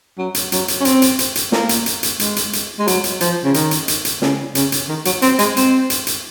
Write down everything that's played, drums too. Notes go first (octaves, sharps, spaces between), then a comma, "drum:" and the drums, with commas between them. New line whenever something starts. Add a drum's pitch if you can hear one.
F#3
drum: hi-hat
F#3, drum: hi-hat
drum: hi-hat
C#4
C4, drum: hi-hat
drum: hi-hat
drum: hi-hat
drum: hi-hat
A#3, drum: snare
drum: hi-hat
drum: hi-hat
drum: hi-hat
G#3, drum: hi-hat
drum: hi-hat
drum: hi-hat
G#3
F#3, drum: hi-hat
drum: hi-hat
F3, drum: hi-hat
C#3
D#3, drum: hi-hat
drum: hi-hat
drum: hi-hat
drum: hi-hat
C#3, drum: snare
C#3, drum: hi-hat
drum: hi-hat
D#3
F#3, drum: hi-hat
C4, drum: hi-hat
G#3, drum: hi-hat
C4, drum: hi-hat
drum: hi-hat
drum: hi-hat